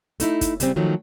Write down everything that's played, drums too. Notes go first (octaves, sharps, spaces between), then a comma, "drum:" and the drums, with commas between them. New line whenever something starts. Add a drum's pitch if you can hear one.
A3 D#4 E4, drum: hi-hat
drum: kick, hi-hat
C#3 G3 C4, drum: hi-hat
D#3 F3 F#3 A3